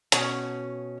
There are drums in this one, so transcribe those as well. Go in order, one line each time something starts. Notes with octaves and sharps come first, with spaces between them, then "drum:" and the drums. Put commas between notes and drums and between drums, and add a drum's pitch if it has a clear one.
B2 C#4, drum: hi-hat